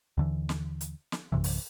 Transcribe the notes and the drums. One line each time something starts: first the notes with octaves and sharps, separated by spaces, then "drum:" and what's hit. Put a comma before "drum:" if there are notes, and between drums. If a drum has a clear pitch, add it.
D#2 D3 E3
drum: snare
drum: hi-hat
drum: snare
A#1 F#2 C3 E3
drum: open hi-hat